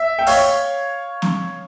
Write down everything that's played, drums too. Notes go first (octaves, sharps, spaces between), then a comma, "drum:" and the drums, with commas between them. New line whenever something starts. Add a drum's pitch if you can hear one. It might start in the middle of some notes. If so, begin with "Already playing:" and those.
Already playing: E5
G5
C#5 F5, drum: open hi-hat
drum: snare